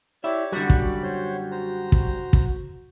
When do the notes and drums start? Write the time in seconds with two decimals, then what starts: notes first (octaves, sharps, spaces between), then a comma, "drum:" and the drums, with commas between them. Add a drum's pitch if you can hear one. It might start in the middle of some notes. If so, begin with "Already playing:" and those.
0.24 E4 G4 C#5 D5 E5
0.52 F#2 D3 G3 F#4 B5 D6
0.70 drum: kick
1.03 C5 C#5 C6
1.51 C5 A#5
1.92 drum: kick
2.33 drum: kick